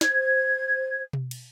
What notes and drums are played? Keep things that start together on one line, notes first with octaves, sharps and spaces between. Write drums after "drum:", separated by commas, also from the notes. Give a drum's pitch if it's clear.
C5 G#6, drum: snare
drum: tom B2
drum: cymbal